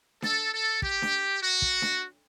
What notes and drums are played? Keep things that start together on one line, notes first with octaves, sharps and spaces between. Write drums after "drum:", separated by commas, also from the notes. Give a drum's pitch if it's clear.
A4, drum: snare D4
A4
G4, drum: kick
drum: snare D4
F#4
drum: kick
drum: snare D4